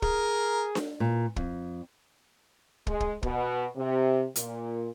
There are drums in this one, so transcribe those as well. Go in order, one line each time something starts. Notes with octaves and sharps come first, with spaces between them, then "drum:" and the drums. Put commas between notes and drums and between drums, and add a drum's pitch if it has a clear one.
G#4 A#4, drum: kick
drum: snare D4
A#2
F2, drum: kick
G#3, drum: kick
drum: kick
B2, drum: kick
C3
A#2, drum: hi-hat